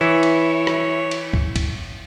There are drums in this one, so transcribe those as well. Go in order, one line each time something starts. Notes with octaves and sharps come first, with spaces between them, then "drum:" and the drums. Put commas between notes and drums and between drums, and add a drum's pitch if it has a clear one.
E3 E4 C#5
drum: cymbal
drum: rim click
drum: cymbal
drum: kick
drum: kick, cymbal